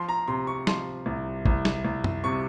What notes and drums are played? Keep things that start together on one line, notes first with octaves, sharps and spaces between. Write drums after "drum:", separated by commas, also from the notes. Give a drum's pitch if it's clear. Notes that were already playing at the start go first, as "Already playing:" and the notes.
Already playing: F3 C6
A#5
C3 C6
C#6
F3 C6, drum: snare
C2
C2, drum: kick G#1
drum: snare
C2
drum: tom F#2
C3 C#6